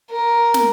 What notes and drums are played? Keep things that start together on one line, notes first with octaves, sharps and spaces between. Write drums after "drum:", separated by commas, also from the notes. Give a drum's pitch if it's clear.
A#4
drum: snare